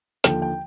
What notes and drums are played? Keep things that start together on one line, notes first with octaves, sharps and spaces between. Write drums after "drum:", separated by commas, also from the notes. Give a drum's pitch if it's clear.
D#2 D3 F3 G5, drum: snare
G5